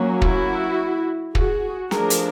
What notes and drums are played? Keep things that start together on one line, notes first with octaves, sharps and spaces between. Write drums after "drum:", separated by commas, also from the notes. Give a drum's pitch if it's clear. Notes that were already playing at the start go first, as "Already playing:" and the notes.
Already playing: F#3 A#3 C#4
E4 F#4, drum: kick
F#4 G#4, drum: kick
F3 A3 D4 G#4 A#4, drum: snare
drum: hi-hat